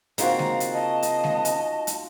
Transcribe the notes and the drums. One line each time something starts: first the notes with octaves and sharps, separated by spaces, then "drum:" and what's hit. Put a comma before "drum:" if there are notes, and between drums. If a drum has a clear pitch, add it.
C#3 A#3 C4 D#4 F4 F#4 A#5, drum: hi-hat
drum: snare G#3
drum: hi-hat
D#5 A5
drum: hi-hat
drum: snare G#3
drum: hi-hat
drum: hi-hat